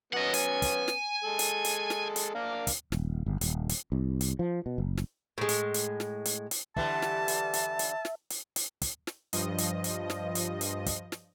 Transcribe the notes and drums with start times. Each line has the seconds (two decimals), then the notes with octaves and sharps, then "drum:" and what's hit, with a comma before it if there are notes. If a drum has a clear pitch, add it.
0.13 F#3 B3 C#4 D#5 F#5
0.34 G#5, drum: hi-hat
0.62 drum: kick, hi-hat
0.88 drum: snare
1.24 G#3 A4
1.39 drum: hi-hat
1.65 drum: hi-hat
1.90 drum: snare
2.16 drum: hi-hat
2.35 A#3 D4 F5
2.67 drum: kick, hi-hat
2.92 D#1, drum: snare
3.26 G1
3.41 D#1, drum: hi-hat
3.69 drum: hi-hat
3.92 C2
4.21 drum: hi-hat
4.39 F3
4.66 B2
4.78 F#1
4.97 drum: snare
5.38 A2 G#3
5.49 drum: hi-hat
5.74 drum: hi-hat
6.00 drum: snare
6.25 drum: hi-hat
6.51 drum: hi-hat
6.76 D3 E3 G3 E5 A5, drum: kick
7.02 drum: snare
7.28 drum: hi-hat
7.54 drum: hi-hat
7.79 drum: hi-hat
8.05 drum: snare
8.30 drum: hi-hat
8.56 drum: hi-hat
8.82 drum: kick, hi-hat
9.07 drum: snare
9.33 G2 F3 D#5, drum: hi-hat
9.58 drum: hi-hat
9.84 drum: hi-hat
10.10 drum: snare
10.35 drum: hi-hat
10.61 drum: hi-hat
10.86 drum: kick, hi-hat
11.12 drum: snare